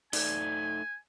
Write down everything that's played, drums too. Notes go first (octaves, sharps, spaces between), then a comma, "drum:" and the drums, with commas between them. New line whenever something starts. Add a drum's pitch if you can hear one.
A3 D#4 D5 G#5, drum: open hi-hat